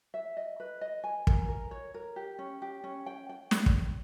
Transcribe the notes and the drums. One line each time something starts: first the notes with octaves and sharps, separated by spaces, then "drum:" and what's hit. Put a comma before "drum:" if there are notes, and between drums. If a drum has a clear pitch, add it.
E5
D#5
B4
D#5
G#5
A#4, drum: kick
A#4
C#5
A#4
G4
C#4
G4
C#4
G5
G5
drum: snare
drum: kick